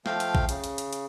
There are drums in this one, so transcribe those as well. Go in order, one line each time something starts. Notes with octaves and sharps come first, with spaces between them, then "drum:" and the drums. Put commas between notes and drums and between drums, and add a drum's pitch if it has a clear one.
F3 A3 F5 G5, drum: snare
drum: hi-hat
drum: kick
C#3, drum: hi-hat
drum: hi-hat
drum: hi-hat
drum: hi-hat